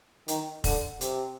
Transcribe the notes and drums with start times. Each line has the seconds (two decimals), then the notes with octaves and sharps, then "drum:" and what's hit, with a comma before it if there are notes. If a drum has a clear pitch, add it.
0.28 D#3, drum: hi-hat
0.64 D3, drum: kick F1, open hi-hat
1.01 C3, drum: hi-hat